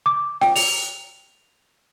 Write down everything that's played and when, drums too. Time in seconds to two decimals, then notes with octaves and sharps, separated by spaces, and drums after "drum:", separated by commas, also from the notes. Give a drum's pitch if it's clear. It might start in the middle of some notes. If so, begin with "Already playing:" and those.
0.06 D6
0.41 G5, drum: snare F4
0.56 F7, drum: open hi-hat